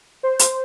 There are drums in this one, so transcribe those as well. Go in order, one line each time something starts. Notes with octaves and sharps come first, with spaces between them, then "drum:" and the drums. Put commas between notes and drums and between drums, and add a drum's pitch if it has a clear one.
C5
drum: hi-hat